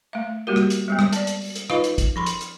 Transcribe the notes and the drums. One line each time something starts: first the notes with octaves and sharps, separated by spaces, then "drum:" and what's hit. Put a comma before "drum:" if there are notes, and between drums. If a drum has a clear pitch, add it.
A3 E5
G3 A#3 F#4 G4 A#4
drum: rim click
drum: hi-hat
G3 G#3 B3
drum: rim click
D5 A5, drum: hi-hat
drum: hi-hat
drum: open hi-hat
drum: hi-hat
D#4 F4 B4 D#5 F5, drum: rim click
drum: hi-hat
drum: kick, hi-hat
F3 B5 C6
drum: hi-hat
drum: hi-hat